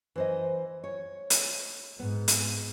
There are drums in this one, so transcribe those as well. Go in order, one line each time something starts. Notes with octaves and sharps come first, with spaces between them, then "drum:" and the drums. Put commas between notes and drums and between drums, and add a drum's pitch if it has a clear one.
E3 C5 D#5
C#5
drum: hi-hat
G#2 B3
drum: hi-hat